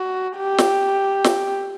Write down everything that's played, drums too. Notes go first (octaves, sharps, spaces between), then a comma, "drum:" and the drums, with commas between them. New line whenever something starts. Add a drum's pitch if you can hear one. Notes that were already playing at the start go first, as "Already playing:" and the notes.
Already playing: F#4
G4
drum: snare
drum: snare